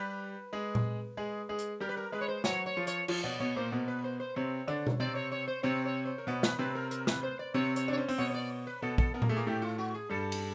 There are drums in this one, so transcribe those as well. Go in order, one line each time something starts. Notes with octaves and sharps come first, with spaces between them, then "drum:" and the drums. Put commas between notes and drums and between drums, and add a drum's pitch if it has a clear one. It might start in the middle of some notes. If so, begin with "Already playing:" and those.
Already playing: G3 G4 B4
G#3 G#4
drum: tom A#2
G#3 G#4
G#3 G#4
drum: hi-hat
G3 G4 A#4
B4
A#4
G#3 G#4 B4
C#5
C5
F#3 F#4 C#5, drum: snare
C#5
F3 F4
C#5, drum: hi-hat
F3 F4 C#5, drum: cymbal
B2 B3 D5
B2 B3 C#5
A#2 A#3 C5
B2 B3 A#4
B4
C5
C5
C3 C4 C#5
D3 D4
drum: tom B2
C3 C4 D5
C#5
C#5
C5
C3 C4 C#5
C#5
C5
A#4
B2 B3 B4
B4, drum: snare
C3 C4 B4
A#4
A#4, drum: hi-hat
B4, drum: snare
C5
D5
C3 C4 C#5
C#5, drum: hi-hat
D4 C#5
C#4 C5
C4, drum: open hi-hat
B2 B3 C#5
C#5
D5
B4
B2 B3 A4
A4, drum: kick
B3 A#4
A#3, drum: tom A#2
A3 G#4
A#2 A#3
A2 A3 G4
F4
F#4
G#4
G2 G3 A4
drum: cymbal